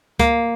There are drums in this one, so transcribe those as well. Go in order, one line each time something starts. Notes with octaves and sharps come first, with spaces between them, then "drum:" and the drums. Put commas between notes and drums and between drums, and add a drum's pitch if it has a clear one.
A#3, drum: kick C#2, hi-hat